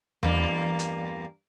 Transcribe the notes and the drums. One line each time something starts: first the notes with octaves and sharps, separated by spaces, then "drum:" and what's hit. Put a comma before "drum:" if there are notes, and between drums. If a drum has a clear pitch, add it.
E2 G2 A#3, drum: tom E2
drum: hi-hat